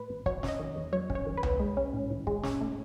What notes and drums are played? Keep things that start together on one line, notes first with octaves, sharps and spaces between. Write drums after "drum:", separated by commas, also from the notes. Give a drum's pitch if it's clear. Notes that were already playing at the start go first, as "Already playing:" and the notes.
Already playing: A2 B4
A1
F#3 C#5, drum: kick
C#4, drum: snare
D#5
D#3
E2
F#3 C#5
C#4, drum: kick
C#5
D#3
B4
E2, drum: tom C2
G#3
C#4
A2
A1
G#3, drum: kick
C#4, drum: snare
A2